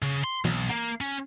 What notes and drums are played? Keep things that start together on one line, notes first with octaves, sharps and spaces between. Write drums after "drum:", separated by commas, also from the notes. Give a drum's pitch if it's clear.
C#3
C6
B1, drum: tom E3
A#3, drum: hi-hat
C#4